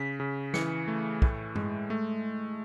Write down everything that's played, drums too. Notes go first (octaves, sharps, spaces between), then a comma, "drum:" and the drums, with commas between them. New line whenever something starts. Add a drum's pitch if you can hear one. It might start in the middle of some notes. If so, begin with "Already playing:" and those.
Already playing: C#3 B6
C#3
E3 C#7, drum: snare
A3
A2, drum: kick
G#3, drum: tom G2
A3